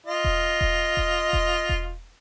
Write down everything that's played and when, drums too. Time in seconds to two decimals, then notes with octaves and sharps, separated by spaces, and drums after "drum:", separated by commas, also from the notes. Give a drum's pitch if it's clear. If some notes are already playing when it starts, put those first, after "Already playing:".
0.06 F4 D#5
0.24 drum: kick E1
0.61 drum: kick E1
0.97 drum: kick E1
1.33 drum: kick E1
1.69 drum: kick E1